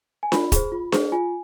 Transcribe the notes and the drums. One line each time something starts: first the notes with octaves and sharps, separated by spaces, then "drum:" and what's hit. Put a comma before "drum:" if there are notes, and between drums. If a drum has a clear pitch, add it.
G#5
F4 B5, drum: snare D4
G#4 C5, drum: kick, hi-hat
F4
G#4 C5, drum: snare D4
F4 G#5